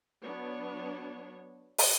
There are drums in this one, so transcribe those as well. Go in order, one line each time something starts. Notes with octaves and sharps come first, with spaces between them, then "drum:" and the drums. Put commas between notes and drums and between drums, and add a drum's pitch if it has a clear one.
F#3 B3 D4 C#5
drum: open hi-hat